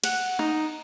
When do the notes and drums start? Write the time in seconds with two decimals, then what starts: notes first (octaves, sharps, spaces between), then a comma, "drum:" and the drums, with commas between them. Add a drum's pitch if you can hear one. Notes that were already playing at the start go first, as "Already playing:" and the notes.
0.04 F#5, drum: cymbal
0.39 D#4